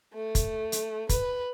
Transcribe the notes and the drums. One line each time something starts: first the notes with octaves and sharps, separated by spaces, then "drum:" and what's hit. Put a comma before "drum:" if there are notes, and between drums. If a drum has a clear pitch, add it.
A3
drum: kick, hi-hat
drum: hi-hat
B4, drum: kick, hi-hat